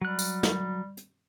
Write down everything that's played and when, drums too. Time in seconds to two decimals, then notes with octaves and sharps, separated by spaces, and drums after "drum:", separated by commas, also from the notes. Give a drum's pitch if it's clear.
0.01 F#3 G3 F#6
0.19 drum: tambourine
0.43 drum: snare
0.97 drum: hi-hat